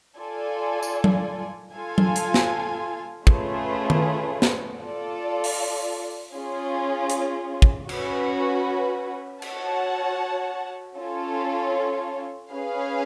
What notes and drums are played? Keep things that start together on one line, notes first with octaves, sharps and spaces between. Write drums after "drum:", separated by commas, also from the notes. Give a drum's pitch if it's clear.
F4 A4 D5 G#5
drum: tambourine
drum: tom F#3
F4 A4 F5 G#5
drum: tom F#3
drum: hi-hat
drum: snare
A3 C#4 F4 G#4 B4, drum: kick
drum: tom D#3
drum: snare
F4 A4 D5
drum: open hi-hat
C#4 F4 G#4
drum: hi-hat
drum: kick
C#4 F#4 B4, drum: cymbal
F#4 C#5 F#5 A5, drum: cymbal
C#4 F4 A4 C#5
C#4 G#4 B4 F5